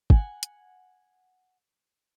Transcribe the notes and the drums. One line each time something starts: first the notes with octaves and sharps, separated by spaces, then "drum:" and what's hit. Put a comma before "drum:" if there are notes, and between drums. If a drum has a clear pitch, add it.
F#5 G#5, drum: kick
drum: hi-hat